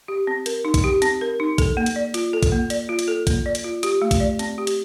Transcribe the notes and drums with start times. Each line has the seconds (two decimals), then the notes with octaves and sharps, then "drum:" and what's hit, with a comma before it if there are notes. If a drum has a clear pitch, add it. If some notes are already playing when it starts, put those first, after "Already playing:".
0.08 G4
0.27 C4
0.46 A#4, drum: hi-hat
0.65 D#4
0.74 drum: kick, hi-hat
0.84 G4
1.02 C4, drum: hi-hat
1.21 A#4
1.40 D#4
1.58 A4, drum: kick, hi-hat
1.77 A#3
1.86 drum: hi-hat
1.96 D5
2.14 F4, drum: hi-hat
2.33 A4
2.43 drum: kick, hi-hat
2.52 A#3
2.70 D5, drum: hi-hat
2.89 F4
2.99 drum: hi-hat
3.08 A4
3.27 A#3, drum: kick, hi-hat
3.46 D5
3.55 drum: hi-hat
3.64 F4
3.83 G4, drum: hi-hat
4.02 A3
4.11 drum: kick, hi-hat
4.20 D5
4.39 C4, drum: hi-hat
4.58 G4
4.67 drum: hi-hat